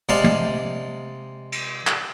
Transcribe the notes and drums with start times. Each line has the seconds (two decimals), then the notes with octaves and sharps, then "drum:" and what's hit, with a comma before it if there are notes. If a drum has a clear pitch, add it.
0.09 C3 G#3 D5 F5 A5
0.24 drum: tom
1.52 drum: cymbal
1.87 drum: clap